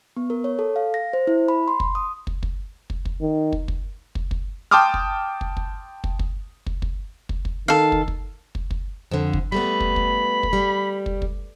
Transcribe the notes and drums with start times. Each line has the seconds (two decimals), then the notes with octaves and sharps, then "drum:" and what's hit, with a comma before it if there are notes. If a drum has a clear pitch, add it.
0.17 B3
0.30 A#4
0.44 C#5
0.59 A4
0.76 F5
0.94 A#6
1.13 C5
1.27 E4
1.48 B5
1.68 C6
1.80 drum: kick
1.95 D#6
2.27 drum: kick
2.43 drum: kick
2.90 drum: kick
3.05 drum: kick
3.21 D#3
3.53 drum: kick
3.68 drum: kick
4.15 drum: kick
4.31 drum: kick
4.71 G5 A5 C6 D6 D#6 F6
4.94 drum: kick
5.41 drum: kick
5.57 drum: kick
6.04 drum: kick
6.19 drum: kick
6.66 drum: kick
6.82 drum: kick
7.29 drum: kick
7.45 drum: kick
7.68 D#3 A4 F5
7.92 drum: kick
8.08 drum: kick
8.55 drum: kick
8.71 drum: kick
9.11 F2 D3
9.33 drum: kick
9.52 G3 A3 B3 B5
9.80 drum: kick
9.96 drum: kick
10.43 drum: kick
10.53 G3
11.06 drum: kick
11.22 drum: kick